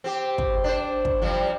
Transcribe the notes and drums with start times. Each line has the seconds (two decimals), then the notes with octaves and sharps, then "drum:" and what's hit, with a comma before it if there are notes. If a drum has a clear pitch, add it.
0.04 C4 G4
0.38 drum: kick
0.64 D4 C5
1.05 drum: kick
1.22 C3 F3 G3